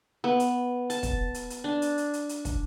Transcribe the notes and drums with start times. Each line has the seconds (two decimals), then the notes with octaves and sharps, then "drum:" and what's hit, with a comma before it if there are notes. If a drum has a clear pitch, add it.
0.24 B3
0.40 drum: hi-hat
0.90 A5, drum: hi-hat
1.03 drum: kick, hi-hat
1.34 drum: hi-hat
1.50 drum: hi-hat
1.64 D4
1.82 drum: hi-hat
1.98 drum: hi-hat
2.13 drum: hi-hat
2.29 drum: hi-hat
2.45 drum: kick, hi-hat